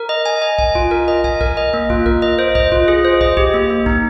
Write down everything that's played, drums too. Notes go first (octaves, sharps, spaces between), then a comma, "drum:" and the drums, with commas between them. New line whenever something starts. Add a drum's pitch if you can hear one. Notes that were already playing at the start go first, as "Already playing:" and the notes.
Already playing: A#4
D#5
G#5
D#5
G#5, drum: kick
F4, drum: kick
A#4
D#5
G#5, drum: kick
A#4, drum: kick
D#5
A#3
F4, drum: kick
A#4, drum: kick
D#5
C5
D#5, drum: kick
F4, drum: kick
G#4
C5
D#5, drum: kick
G4, drum: kick
A#3
A#3
D#4, drum: kick